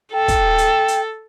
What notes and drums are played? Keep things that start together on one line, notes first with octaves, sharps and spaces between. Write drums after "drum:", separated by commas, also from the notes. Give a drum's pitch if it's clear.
A4 G5
drum: kick, hi-hat
drum: hi-hat
drum: hi-hat